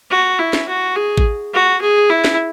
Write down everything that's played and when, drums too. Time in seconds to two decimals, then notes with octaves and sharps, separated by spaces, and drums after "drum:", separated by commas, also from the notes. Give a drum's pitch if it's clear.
0.10 F#4
0.39 E4
0.53 drum: snare
0.68 F#4
0.96 G#4
1.17 drum: kick A1
1.54 F#4
1.81 G#4
2.10 E4
2.25 drum: snare